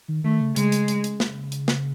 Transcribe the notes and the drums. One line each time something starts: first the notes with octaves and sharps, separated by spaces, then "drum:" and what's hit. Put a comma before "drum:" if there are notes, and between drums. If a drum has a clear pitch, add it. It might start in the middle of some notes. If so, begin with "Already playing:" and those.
D#3
D#3 A3
C#3
C#3 G#3, drum: hi-hat
drum: hi-hat
drum: hi-hat
drum: hi-hat
drum: snare
drum: hi-hat
drum: snare